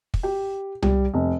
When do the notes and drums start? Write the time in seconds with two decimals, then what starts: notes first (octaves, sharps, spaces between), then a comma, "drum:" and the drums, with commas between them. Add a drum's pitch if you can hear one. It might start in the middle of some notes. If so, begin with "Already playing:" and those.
0.14 drum: kick
0.23 G4
0.82 G3, drum: tom C2
1.14 F1